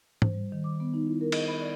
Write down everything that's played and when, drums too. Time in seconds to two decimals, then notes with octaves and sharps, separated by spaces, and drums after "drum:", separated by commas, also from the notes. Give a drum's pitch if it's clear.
0.22 C5, drum: tom G#2
0.34 G3
0.52 D#3
0.64 D6
0.80 B3
0.94 D#4
1.07 E4
1.21 A#4
1.32 D#5, drum: cymbal
1.48 B5
1.60 D5